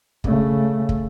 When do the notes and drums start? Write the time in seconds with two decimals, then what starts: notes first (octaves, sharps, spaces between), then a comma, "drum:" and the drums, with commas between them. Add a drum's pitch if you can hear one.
0.24 C#3 A3, drum: kick
0.89 drum: kick